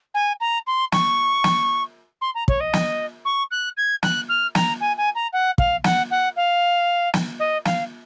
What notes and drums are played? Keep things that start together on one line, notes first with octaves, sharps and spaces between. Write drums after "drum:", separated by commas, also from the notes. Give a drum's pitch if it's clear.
G#5
A#5
C6
C#6, drum: snare
drum: snare
C6
A#5
C#5, drum: kick
D#5
drum: snare
C#6
F#6
G#6
F#6, drum: snare
F6
A#5, drum: snare
G#5
G#5
A#5
F#5
F5, drum: kick
F#5, drum: snare
F#5
F5
drum: snare
D#5
F5, drum: snare